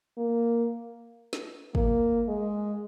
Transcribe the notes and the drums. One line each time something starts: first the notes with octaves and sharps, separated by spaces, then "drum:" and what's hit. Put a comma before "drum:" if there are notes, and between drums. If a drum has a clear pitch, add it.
A#3
drum: snare
A#3, drum: kick
G#3